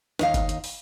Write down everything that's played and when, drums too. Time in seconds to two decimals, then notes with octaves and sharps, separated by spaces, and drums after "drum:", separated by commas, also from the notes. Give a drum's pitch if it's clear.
0.19 D#2 D#4 F5, drum: snare
0.34 drum: kick G1, hi-hat
0.49 drum: hi-hat
0.64 drum: open hi-hat